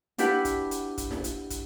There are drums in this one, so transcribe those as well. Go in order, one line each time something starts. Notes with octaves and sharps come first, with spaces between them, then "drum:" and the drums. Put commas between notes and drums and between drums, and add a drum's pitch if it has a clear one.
D4 E4 G4 B4 F#5, drum: hi-hat
drum: kick, hi-hat
drum: hi-hat
drum: kick, hi-hat
drum: snare
drum: hi-hat
drum: kick, hi-hat